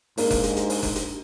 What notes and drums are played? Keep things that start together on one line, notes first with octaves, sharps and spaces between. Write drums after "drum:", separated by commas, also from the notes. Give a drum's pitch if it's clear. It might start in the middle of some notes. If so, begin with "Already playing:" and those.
G#2 A#3 D4 D#4, drum: open hi-hat
drum: kick F1, open hi-hat
drum: hi-hat
drum: hi-hat
drum: open hi-hat
drum: kick F1, open hi-hat
drum: hi-hat